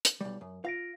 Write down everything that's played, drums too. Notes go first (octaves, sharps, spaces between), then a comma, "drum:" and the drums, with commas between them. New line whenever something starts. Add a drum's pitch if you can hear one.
drum: hi-hat
B1 G3
F#2
F4 F5 A#6 D7